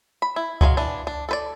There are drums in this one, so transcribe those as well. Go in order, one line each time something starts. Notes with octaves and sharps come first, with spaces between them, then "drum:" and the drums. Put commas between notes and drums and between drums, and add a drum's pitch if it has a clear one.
B5
E4
F#3 G#3 A#4 F5, drum: kick C#2
E3 D4
D4
A4 B4 D5